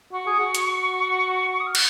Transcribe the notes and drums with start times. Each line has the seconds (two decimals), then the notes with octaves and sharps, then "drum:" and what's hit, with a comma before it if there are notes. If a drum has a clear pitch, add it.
0.12 F#4 C#6
0.27 G#4
0.40 F#4
0.55 drum: hi-hat
1.60 D#6
1.67 F6
1.75 F#6, drum: cymbal